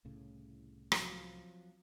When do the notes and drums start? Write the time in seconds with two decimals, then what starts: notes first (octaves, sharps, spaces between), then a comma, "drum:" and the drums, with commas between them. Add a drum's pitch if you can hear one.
0.05 C2 A2 C#3
0.92 F3 F#3 C4, drum: rim click